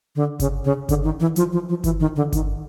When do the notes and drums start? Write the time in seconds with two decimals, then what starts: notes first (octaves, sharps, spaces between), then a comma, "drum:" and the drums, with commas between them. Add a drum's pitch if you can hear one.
0.16 D3
0.40 C#3, drum: kick G1, hi-hat
0.65 C#3
0.89 D3, drum: kick G1, hi-hat
1.04 D#3
1.20 E3
1.36 F3, drum: hi-hat
1.52 F3
1.69 F3
1.84 E3, drum: kick G1, hi-hat
2.00 D#3
2.16 D3
2.33 D#3, drum: kick G1, hi-hat